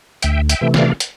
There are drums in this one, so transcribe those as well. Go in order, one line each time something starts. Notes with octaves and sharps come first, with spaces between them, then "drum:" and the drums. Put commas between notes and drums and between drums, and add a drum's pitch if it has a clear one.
D2 E5 G5, drum: hi-hat
E5 G5, drum: hi-hat
C3 E3 A3
D5 F5, drum: snare
drum: hi-hat